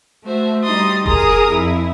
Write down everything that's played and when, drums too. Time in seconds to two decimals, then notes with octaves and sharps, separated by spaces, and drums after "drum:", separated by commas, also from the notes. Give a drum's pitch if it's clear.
0.24 A3 F#4 C5 E5
0.64 G3 D#4 C6 D#6 A6
1.06 G#4 A#4 A#5 D#6, drum: kick F1
1.50 F2 E4